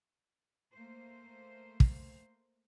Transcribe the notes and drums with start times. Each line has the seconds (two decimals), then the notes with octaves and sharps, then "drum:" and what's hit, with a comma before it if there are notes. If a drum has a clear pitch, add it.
0.74 A3 A#3 C5
1.80 drum: kick